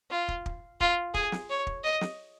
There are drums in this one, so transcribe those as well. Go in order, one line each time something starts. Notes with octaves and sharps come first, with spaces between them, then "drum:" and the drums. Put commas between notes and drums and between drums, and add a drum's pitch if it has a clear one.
F4
drum: kick
drum: kick
F4, drum: kick
G#4, drum: kick
drum: snare
C#5
drum: kick
D#5
drum: snare